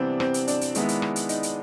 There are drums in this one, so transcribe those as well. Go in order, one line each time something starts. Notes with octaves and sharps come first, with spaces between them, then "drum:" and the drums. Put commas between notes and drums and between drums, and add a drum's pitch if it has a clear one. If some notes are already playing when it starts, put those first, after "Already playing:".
Already playing: C3 E3 G3 B3 C4 D4
C4, drum: rim click
drum: hi-hat
D4, drum: hi-hat
drum: hi-hat
D#3 G#3 B3 E4, drum: hi-hat
drum: hi-hat
drum: rim click
drum: hi-hat
D#4, drum: hi-hat
drum: hi-hat